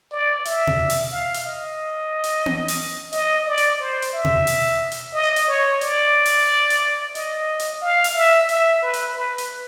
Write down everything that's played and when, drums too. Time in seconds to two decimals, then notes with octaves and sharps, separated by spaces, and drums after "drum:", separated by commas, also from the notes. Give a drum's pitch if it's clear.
0.12 D5
0.45 E5, drum: hi-hat
0.67 drum: tom B2
0.90 drum: open hi-hat
1.12 F5
1.34 drum: hi-hat
1.45 D#5
2.24 drum: hi-hat
2.46 drum: tom B3
2.68 drum: open hi-hat
3.13 D#5, drum: hi-hat
3.47 D5
3.58 drum: hi-hat
3.80 C5
4.02 drum: hi-hat
4.13 E5
4.25 drum: tom B2
4.47 drum: open hi-hat
4.92 drum: hi-hat
5.13 D#5
5.36 drum: hi-hat
5.47 C#5
5.81 D5, drum: hi-hat
6.26 drum: open hi-hat
6.70 drum: hi-hat
7.15 D#5, drum: hi-hat
7.60 drum: hi-hat
7.81 F5
8.04 drum: open hi-hat
8.15 E5
8.49 E5, drum: hi-hat
8.82 B4
8.93 drum: hi-hat
9.15 B4
9.38 drum: hi-hat